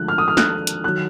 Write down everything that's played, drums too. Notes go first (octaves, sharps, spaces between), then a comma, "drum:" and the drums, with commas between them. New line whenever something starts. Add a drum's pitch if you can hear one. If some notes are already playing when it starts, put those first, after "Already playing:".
Already playing: D2 D3 F3 G#3 F#6
F6
D#6
F6
F#6, drum: snare
drum: hi-hat
D#3 F#3 F#6